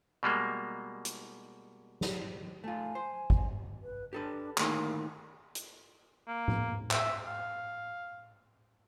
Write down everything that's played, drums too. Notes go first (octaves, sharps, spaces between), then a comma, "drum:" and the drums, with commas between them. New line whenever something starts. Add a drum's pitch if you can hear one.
B2 G3 G#3 A#3
drum: hi-hat
drum: snare
A3 F4 G#5
C5
drum: kick
B4
D4 G4 A4 B4
D2 A2 D#3 A#3, drum: clap
drum: hi-hat
A#3
drum: tom A2
E5, drum: clap
F5